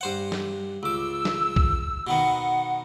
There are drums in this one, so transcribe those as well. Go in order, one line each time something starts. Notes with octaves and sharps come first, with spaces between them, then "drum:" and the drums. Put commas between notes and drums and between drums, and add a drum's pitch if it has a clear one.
G2 C5 F#5
drum: snare
C#2 D6 E6
drum: snare
drum: kick B1
B2 D#3 B3 F#5